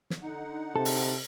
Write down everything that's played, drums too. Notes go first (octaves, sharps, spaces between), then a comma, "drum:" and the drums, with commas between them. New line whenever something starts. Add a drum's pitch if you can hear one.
drum: snare
D3 D#4 F#5
C3 A4
drum: open hi-hat